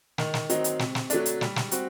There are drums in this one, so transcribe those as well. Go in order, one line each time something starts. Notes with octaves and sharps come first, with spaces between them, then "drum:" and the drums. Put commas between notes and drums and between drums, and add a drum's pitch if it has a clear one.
D#3, drum: snare
drum: snare
F#3 C4 D#4, drum: hi-hat
drum: hi-hat
C3, drum: snare
drum: snare
F#3 A3 D4, drum: hi-hat
drum: hi-hat
G3, drum: snare
drum: snare
C4 F#4, drum: hi-hat